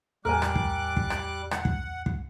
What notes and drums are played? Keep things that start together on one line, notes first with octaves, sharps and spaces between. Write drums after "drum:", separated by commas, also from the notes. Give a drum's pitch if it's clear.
E2 A2 G3 A#4 G#5 D6 F#6
drum: rim click
drum: kick
drum: kick
drum: rim click
F#5, drum: rim click
drum: kick
drum: kick